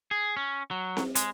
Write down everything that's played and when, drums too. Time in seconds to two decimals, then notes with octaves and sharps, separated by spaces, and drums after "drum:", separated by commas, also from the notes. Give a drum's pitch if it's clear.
0.11 G#4
0.37 C#4
0.71 F#3
0.97 drum: snare C4
1.15 G#3, drum: hi-hat